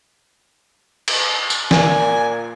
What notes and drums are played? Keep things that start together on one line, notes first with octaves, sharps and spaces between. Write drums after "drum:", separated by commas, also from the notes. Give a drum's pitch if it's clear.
drum: cymbal
drum: tambourine
A#2 G#5, drum: snare